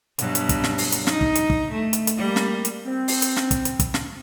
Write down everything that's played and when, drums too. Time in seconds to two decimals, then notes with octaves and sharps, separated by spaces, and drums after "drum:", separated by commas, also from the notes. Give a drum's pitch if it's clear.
0.19 G2 B2 F#3, drum: hi-hat
0.35 drum: hi-hat
0.49 drum: kick, hi-hat
0.64 drum: snare
0.78 drum: open hi-hat
0.92 drum: hi-hat
1.07 D#4, drum: snare
1.21 drum: kick
1.35 drum: hi-hat
1.50 drum: kick
1.71 A3
1.93 drum: hi-hat
2.07 drum: hi-hat
2.17 G3 A#3
2.36 drum: snare
2.65 drum: hi-hat
2.86 C4
3.08 drum: open hi-hat
3.22 drum: hi-hat
3.36 drum: snare
3.51 drum: kick, hi-hat
3.65 drum: hi-hat
3.80 drum: kick, hi-hat
3.94 drum: snare